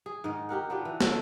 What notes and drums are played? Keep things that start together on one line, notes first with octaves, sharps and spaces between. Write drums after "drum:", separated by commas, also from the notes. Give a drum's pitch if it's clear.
G#4
G#2 D#3 D#5
F#4 G4 A#4 F#5
B3 D4 F4 G4
E3
G#3 C#4 F#4 A4, drum: snare